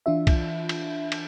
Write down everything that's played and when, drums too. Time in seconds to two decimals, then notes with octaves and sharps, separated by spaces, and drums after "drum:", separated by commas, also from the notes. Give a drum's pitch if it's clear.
0.06 E3 D4 F4 E5
0.27 drum: kick B1, cymbal
0.69 drum: cymbal
1.12 drum: cymbal